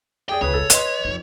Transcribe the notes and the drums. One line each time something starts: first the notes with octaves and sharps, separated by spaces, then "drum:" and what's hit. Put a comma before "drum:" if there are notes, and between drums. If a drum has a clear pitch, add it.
G4 G#4 D5 G5
E1 C#2 C#3 G#4 B4 C#5
A4
E3 B4 D#5 C6, drum: hi-hat
F2 D#4